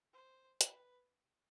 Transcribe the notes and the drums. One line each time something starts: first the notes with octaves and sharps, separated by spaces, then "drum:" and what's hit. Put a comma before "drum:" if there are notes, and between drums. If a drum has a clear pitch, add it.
C5
B4, drum: hi-hat